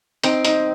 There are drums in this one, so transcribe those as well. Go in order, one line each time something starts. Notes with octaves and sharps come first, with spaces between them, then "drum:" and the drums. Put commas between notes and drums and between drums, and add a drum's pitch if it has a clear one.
C4 D#4, drum: hi-hat
D#4, drum: hi-hat